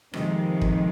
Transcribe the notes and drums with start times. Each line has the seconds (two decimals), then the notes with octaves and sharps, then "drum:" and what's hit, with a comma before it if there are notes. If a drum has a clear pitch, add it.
0.14 F2 C3 D#3 G#3, drum: rim click
0.61 drum: kick